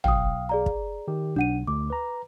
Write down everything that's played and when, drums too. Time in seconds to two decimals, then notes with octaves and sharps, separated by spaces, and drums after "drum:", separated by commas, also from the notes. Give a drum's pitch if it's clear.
0.04 B1 F5 G5 D#6, drum: tom
0.49 G#4 D5 A#5
0.66 drum: kick
1.08 D#3 G4
1.36 B1 D4 F#5 D#7
1.67 D2 D6
1.90 B4 A#5